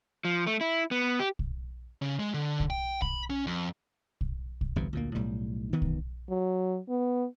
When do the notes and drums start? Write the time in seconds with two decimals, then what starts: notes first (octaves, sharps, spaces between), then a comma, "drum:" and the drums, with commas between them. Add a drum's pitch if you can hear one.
0.25 F3
0.47 A3
0.61 E4
0.91 B3
1.19 G4
1.39 drum: kick
2.02 C#3
2.20 G#3
2.34 D3
2.60 drum: kick
2.70 G5
3.02 B5, drum: kick
3.30 C#4
3.47 F2
4.21 drum: kick
4.61 drum: kick
4.76 G1 E2 G2 C3
4.93 D2 A#2 A#3
5.15 B1 A2 G3
5.73 D#3 E3 B3
5.82 drum: kick
6.30 F#3
6.89 B3